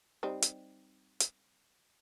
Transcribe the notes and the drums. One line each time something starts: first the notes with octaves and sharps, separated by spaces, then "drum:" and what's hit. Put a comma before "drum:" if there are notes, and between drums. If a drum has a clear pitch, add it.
G3 C4 D#4
drum: hi-hat
drum: hi-hat